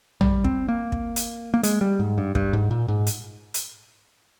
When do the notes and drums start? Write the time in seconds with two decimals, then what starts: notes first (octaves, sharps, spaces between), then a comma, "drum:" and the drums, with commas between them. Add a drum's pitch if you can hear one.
0.21 G3, drum: tom
0.44 C4, drum: kick
0.69 A#3
0.92 drum: kick
1.16 drum: hi-hat
1.54 A#3
1.63 G#3, drum: hi-hat
1.81 G3
1.99 G#2
2.18 G2
2.35 G2, drum: kick
2.53 G#2
2.71 A#2
2.88 G#2
3.06 drum: hi-hat
3.54 drum: hi-hat